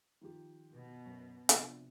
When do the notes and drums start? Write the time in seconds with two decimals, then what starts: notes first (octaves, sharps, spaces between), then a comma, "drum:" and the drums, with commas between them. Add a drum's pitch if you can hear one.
0.21 D#3 F3 G4
0.74 B2
1.06 F#2
1.49 C3 F3 D4, drum: hi-hat